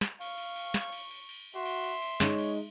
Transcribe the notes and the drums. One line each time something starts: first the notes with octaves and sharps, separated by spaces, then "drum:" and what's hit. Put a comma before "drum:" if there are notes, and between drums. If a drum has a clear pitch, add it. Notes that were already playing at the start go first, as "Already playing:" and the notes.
drum: snare
F5 C#6, drum: cymbal
drum: cymbal
drum: cymbal
drum: snare
drum: cymbal
drum: cymbal
drum: cymbal
F#4 E5 C6
drum: cymbal
drum: cymbal
drum: cymbal
G#3 D#4 C#5, drum: snare
drum: cymbal